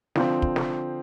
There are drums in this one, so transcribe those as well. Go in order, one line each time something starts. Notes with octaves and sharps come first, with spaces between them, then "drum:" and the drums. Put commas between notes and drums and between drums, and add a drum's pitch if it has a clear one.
D3 F3 C4, drum: snare
drum: kick
drum: snare